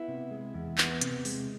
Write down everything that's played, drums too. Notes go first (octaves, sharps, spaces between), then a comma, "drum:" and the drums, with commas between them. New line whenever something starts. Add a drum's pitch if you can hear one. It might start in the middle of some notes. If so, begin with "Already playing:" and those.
Already playing: B3 E4
C3
G#3
E2
B3, drum: clap
C3, drum: hi-hat
G#3, drum: open hi-hat